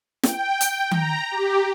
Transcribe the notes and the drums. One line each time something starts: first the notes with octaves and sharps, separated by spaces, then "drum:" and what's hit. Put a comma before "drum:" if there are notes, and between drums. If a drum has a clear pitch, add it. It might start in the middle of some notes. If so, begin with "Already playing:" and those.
G5, drum: snare
drum: hi-hat
A#5, drum: tom D#3
G4